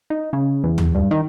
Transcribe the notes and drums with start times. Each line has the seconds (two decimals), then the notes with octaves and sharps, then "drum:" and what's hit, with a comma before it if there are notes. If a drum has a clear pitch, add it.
0.10 D#4
0.33 C#3
0.64 E2
0.78 drum: tom
0.95 G2
1.11 D#3